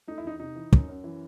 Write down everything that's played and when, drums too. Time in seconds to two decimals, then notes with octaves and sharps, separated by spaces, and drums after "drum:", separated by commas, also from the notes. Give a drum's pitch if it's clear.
0.07 A3 D#4
0.18 E4
0.24 E2 D#4
0.40 C3 D#4
0.56 E3
0.73 F#2, drum: kick
0.88 F#2
1.04 E3